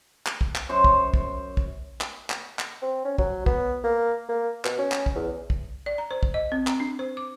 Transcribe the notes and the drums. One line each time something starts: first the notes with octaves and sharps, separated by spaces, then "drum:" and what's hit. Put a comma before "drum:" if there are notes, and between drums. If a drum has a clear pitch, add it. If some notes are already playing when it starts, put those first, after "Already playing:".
drum: clap
drum: kick
drum: clap
F#2 C5 C#5
drum: kick
drum: kick
drum: kick
drum: clap
drum: clap
drum: clap
C4
C#4
F#3, drum: kick
B3, drum: kick
A#3
A#3
B2, drum: clap
C#4
drum: clap
drum: kick
E2
drum: kick
D5
A#5
C5
drum: kick
D#5
C4
A#5, drum: clap
D4
C5
D6